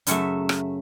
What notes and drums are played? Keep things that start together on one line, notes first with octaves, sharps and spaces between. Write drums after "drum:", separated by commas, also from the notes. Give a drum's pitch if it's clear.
F#2 C#3 F#3 A3 E5, drum: hi-hat
drum: rim click